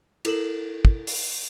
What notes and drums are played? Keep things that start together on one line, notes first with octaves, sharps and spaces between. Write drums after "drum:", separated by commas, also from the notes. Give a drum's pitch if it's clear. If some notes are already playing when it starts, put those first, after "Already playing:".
E4 A4 A#4 E7 F#7, drum: cymbal
drum: kick
drum: open hi-hat